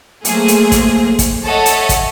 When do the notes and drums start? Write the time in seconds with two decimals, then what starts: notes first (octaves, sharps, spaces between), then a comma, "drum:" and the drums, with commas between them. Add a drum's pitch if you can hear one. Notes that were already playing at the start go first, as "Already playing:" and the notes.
0.25 F#3 A3 A#3 G#4 C5, drum: hi-hat
0.48 drum: hi-hat
0.72 drum: kick, hi-hat
1.19 drum: kick, hi-hat
1.45 A4 C#5 D#5 E5 F#5 A5
1.66 drum: hi-hat
1.89 drum: kick, hi-hat